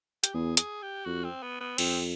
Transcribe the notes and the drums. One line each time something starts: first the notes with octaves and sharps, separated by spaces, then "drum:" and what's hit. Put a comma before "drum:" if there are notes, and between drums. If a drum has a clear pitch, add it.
G4, drum: hi-hat
E2 G#4
G#4, drum: hi-hat
G4
F2 F#4
C4
B3
B3
F2 C4, drum: cymbal